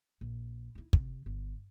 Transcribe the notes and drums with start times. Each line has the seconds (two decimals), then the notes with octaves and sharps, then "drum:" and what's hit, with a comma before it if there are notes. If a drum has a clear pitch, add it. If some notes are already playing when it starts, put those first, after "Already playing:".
0.21 A#1
0.75 D#4 E4
0.93 C3, drum: kick
1.26 G1